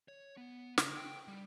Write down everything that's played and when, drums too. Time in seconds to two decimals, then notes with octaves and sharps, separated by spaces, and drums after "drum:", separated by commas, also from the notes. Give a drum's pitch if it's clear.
0.08 C#5
0.37 B3
0.78 C#3, drum: snare
0.97 G5
1.28 G3